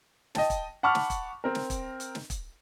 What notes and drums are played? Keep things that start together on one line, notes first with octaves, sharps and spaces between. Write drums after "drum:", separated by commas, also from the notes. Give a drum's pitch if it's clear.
D#5 G5 A5, drum: snare
drum: kick, hi-hat
F#5 A5 B5 C#6 D6 F6
drum: snare
drum: kick, hi-hat
C4 A#4
drum: snare
drum: kick, hi-hat
drum: hi-hat
drum: snare
drum: kick, hi-hat